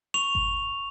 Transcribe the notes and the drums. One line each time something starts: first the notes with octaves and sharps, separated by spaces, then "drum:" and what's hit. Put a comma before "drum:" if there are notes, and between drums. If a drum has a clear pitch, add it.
C#6 F7
drum: kick G#1